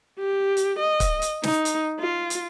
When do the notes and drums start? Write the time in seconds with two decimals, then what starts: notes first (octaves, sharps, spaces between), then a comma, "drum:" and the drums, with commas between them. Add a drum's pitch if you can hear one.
0.19 G4
0.57 drum: hi-hat
0.79 D#5
1.00 drum: kick, hi-hat
1.22 drum: hi-hat
1.43 D#4, drum: snare
1.65 drum: hi-hat
1.99 F4
2.30 drum: hi-hat